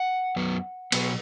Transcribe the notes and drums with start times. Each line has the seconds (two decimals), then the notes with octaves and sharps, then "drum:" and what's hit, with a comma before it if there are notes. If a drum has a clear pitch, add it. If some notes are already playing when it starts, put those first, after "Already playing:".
Already playing: F#5
0.36 F#2 F#3 B3
0.92 B2 F#3 B3, drum: cymbal